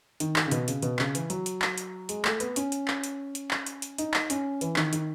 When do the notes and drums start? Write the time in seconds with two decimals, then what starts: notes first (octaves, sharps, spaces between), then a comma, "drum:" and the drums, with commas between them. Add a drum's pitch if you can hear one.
0.20 D#3, drum: hi-hat
0.36 D#3, drum: clap
0.46 C#3
0.51 B2, drum: hi-hat
0.68 C#3, drum: hi-hat
0.82 B2, drum: hi-hat
0.99 C#3, drum: clap
1.15 E3, drum: hi-hat
1.30 F#3, drum: hi-hat
1.46 drum: hi-hat
1.62 drum: clap
1.78 drum: hi-hat
2.09 G#3, drum: hi-hat
2.25 A3, drum: clap
2.40 B3, drum: hi-hat
2.56 C#4, drum: hi-hat
2.72 drum: hi-hat
2.88 drum: clap
3.04 drum: hi-hat
3.35 drum: hi-hat
3.51 drum: clap
3.66 drum: hi-hat
3.82 drum: hi-hat
3.98 D#4, drum: hi-hat
4.14 drum: clap
4.30 C#4, drum: hi-hat
4.61 E3, drum: hi-hat
4.76 D#3, drum: clap
4.93 D#3, drum: hi-hat